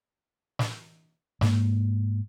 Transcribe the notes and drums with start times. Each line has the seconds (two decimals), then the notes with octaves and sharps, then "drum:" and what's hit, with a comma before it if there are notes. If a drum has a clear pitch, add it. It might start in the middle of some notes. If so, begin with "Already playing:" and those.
0.59 drum: snare
1.41 G#2 A#3, drum: snare